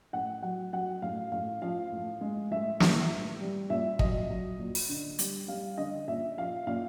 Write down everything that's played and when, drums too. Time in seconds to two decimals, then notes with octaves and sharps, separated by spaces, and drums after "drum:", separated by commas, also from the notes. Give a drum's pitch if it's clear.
0.13 A2 F#5
0.42 F#3 F#5
0.73 F#3 F#5
1.02 A2 F5
1.32 A2 F5
1.62 F3 F5
1.92 A2
2.21 G#3
2.51 A2 E5
2.80 E3, drum: snare
3.10 A2
3.40 G3
3.70 A#2 E5
3.99 F#3 D#5, drum: kick
4.30 F#3
4.59 A#2
4.75 drum: open hi-hat
4.89 D3
5.19 G3, drum: hi-hat
5.48 G3 F5
5.78 D3 D#5
6.08 A#2 E5
6.37 F3 F5
6.67 A#2 F5